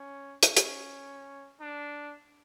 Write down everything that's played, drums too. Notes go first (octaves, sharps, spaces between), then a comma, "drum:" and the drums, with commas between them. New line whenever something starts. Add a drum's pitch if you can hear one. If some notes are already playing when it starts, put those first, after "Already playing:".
Already playing: C#4
C#4, drum: hi-hat
drum: hi-hat
D4